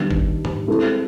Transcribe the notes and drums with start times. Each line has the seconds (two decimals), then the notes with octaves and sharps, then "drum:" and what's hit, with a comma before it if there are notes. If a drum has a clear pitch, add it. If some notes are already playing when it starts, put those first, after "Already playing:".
Already playing: D#3 G3 B3 D4
0.11 drum: kick
0.45 drum: tom G#2
0.67 G#3 C4 E4 A4